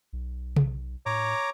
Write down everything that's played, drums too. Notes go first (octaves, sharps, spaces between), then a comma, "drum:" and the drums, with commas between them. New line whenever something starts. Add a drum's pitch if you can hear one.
B1
drum: tom C3
A2 C#5 A#5 D6